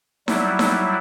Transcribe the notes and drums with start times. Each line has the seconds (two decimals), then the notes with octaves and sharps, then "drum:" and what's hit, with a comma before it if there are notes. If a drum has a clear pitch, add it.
0.28 F#3 G3 E4, drum: snare D#4
0.59 drum: snare D#4